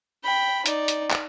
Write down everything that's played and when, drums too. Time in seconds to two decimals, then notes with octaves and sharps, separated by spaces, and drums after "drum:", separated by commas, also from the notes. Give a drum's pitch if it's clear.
0.23 G5 B5
0.66 D#4 D5, drum: hi-hat
0.88 drum: hi-hat
1.11 drum: clap